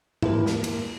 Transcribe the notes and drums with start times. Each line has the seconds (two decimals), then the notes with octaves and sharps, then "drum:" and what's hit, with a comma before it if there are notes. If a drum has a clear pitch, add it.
0.22 D#2 A#3 E4 B4, drum: tom G#2
0.46 drum: snare
0.64 drum: cymbal